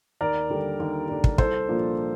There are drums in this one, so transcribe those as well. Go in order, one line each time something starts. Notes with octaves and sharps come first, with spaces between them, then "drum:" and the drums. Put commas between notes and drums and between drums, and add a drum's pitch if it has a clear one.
D#2 A#4 D5
D3 G3 D4
D#2
D3 G3 D4
drum: kick
C2 A4 C5, drum: kick
A#2 F3 A#3 D4